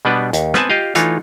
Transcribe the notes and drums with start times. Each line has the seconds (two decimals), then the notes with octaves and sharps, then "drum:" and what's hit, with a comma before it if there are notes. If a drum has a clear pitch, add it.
0.05 B2 G3 B3 D4 B4
0.33 D#2, drum: hi-hat
0.54 B3 C4 B4 G#5 A5, drum: rim click
0.70 F4 G4 D#5 F5
0.95 E3 A3 D#4 F4 C#5, drum: hi-hat